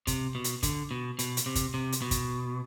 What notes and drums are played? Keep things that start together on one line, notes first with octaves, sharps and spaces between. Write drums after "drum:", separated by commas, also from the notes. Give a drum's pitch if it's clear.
C3, drum: kick, hi-hat
B2
drum: hi-hat
D3, drum: kick, hi-hat
B2
B2, drum: hi-hat
drum: hi-hat
C3
drum: kick, hi-hat
C3
drum: hi-hat
B2
drum: kick, hi-hat